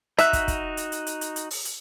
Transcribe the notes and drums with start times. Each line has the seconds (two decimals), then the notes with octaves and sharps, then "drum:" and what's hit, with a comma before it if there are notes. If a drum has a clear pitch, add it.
0.19 D#4 F#4 E5 F#6, drum: hi-hat
0.33 drum: kick, hi-hat
0.48 drum: kick, hi-hat
0.77 drum: hi-hat
0.92 drum: hi-hat
1.07 drum: hi-hat
1.21 drum: hi-hat
1.36 drum: hi-hat
1.51 drum: open hi-hat
1.65 drum: hi-hat